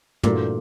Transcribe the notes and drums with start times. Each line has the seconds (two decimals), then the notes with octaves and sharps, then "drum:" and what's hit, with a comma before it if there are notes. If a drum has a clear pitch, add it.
0.23 G2 A#2 E3 A3 D4 F#4, drum: tom